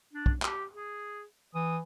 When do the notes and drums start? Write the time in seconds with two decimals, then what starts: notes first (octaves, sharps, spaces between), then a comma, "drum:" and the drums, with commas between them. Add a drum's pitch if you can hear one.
0.13 D4
0.26 drum: kick
0.42 G4, drum: clap
0.71 G#4
1.55 E3 D#6